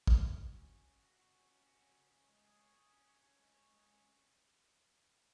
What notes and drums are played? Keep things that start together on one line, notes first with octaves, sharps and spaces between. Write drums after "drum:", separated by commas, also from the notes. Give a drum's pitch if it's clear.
drum: kick
F#3
F#3
C#4
C#3
F#4
F#4
F#4
C#4
C#4
F#4
C#4
C#3
C#4
G#3
G#4
C#5
G#4
C#4
C#5
C#4
G#3
C#5
G#3
C#4